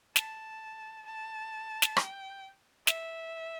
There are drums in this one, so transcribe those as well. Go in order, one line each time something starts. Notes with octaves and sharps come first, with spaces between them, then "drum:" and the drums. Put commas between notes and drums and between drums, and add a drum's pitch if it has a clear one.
A5, drum: snare
A5
drum: snare
G5, drum: rim click
E5, drum: snare